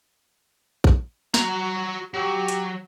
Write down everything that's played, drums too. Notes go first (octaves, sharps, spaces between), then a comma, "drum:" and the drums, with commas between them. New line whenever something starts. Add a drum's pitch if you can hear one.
drum: kick
F#4 A#5, drum: snare
F#3 G4
drum: hi-hat